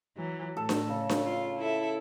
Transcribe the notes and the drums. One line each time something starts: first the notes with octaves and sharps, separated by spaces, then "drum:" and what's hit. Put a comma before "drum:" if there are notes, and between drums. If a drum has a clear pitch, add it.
E3 F#3
A2 A4
drum: snare D4
C#3
drum: snare D4
F4
E4 A4 E5